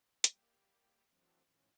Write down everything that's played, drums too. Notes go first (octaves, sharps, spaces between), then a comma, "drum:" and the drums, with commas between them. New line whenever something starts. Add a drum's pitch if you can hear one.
G3 A#3 G4, drum: hi-hat
E3 F#3 A3 C4 D4
A2 D#3 F3 C#4